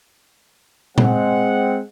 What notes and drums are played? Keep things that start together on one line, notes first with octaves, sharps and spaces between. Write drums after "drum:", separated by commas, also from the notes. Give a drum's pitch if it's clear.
G#3 C4 F#5, drum: tom A#2